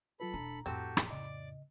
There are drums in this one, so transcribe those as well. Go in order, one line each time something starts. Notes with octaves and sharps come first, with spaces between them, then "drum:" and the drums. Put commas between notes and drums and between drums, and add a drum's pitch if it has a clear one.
F#3 F4 A4 B4 B5
E1 D4 A#5
F2 A2 C4 F#4 G4 A4
drum: rim click
C#3 D5 D#5 D6